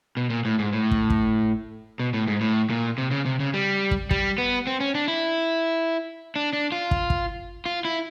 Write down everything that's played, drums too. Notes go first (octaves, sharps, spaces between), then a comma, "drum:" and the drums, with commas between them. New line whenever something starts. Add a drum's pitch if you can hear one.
B2
A#2
A2
G#2
A2
drum: kick
drum: kick
B2
A2
G#2
A2
A#2
C3
C#3
C3
C#3
G3
drum: kick
G3, drum: kick
B3
C4
C#4
D4
E4
D4
D4
F4
drum: kick
drum: kick
F4
E4